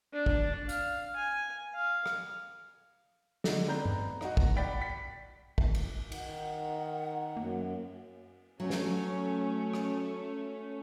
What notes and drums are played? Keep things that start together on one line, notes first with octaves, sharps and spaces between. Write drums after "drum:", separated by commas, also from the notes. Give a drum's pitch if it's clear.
D4
drum: kick
F5, drum: hi-hat
G#5
F5
drum: rim click
D3 G#3 A3 D#4, drum: snare
B3 C4 D4 A#5 G6
drum: tom G2
D#4 F#4, drum: rim click
drum: kick
D5 F#5 G5 B5 A6 B6
B6
drum: kick
drum: cymbal
D#3 F#5, drum: cymbal
F#2 A#3
F#3 A3 C#4
drum: snare
drum: rim click